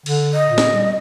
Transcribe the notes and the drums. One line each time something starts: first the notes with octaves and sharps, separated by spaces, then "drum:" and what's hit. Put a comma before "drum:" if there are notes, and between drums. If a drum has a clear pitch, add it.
D3, drum: cymbal
D#5
A#2
drum: snare
G3